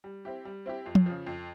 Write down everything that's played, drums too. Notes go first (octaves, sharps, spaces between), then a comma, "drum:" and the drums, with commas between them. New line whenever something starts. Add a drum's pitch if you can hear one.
G3
C4 E4 G4
G3
C4 E4 G4
F2
drum: tom F3
C#3 F3
F2